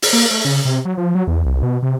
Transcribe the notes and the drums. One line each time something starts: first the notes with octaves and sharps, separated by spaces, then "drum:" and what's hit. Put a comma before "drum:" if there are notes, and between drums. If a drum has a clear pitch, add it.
drum: open hi-hat
A#3
A3
C#3
C3
F#3
F3
F#3
E2
C2
B2
C3